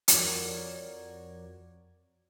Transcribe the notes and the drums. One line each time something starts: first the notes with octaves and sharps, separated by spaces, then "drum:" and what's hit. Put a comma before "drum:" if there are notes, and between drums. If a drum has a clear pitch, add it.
F2 F#4 A#4 C#5 D5 G#6, drum: hi-hat